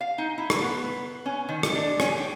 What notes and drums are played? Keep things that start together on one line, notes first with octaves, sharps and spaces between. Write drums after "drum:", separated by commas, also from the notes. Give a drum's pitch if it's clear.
F5
D#4
E4
drum: rim click
B3
C#4
D#3
drum: rim click
D4
C#4, drum: rim click
G5